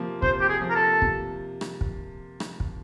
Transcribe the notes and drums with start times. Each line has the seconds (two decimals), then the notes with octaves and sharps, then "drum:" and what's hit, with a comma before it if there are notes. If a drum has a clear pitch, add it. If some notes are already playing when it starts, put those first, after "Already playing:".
Already playing: C3 F3 A#3
0.22 C3 C5, drum: kick
0.40 G4
0.49 G#4
0.62 F3 A#3
0.70 A#4
0.75 A4
1.02 C3, drum: kick
1.61 drum: rim click
1.81 drum: kick
2.40 drum: rim click
2.60 drum: kick